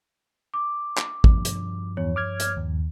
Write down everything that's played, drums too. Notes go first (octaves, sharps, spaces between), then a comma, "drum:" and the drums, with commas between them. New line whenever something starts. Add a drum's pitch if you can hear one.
D6
drum: clap
G2 F3 D4, drum: kick
drum: hi-hat
E2 C#5
D6 F6 G#6
drum: hi-hat
D#2